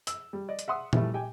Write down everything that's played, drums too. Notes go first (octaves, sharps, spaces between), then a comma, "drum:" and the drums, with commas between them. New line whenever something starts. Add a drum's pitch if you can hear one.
E6, drum: hi-hat
G3
D5 D#5
drum: hi-hat
E5 F#5 C6 D#6
E3 F3 G3 A3, drum: tom A#2
G4 G5 G#5